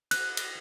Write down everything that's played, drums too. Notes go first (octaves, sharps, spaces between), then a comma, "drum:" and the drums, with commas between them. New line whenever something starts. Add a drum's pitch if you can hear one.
F#6, drum: cymbal
drum: cymbal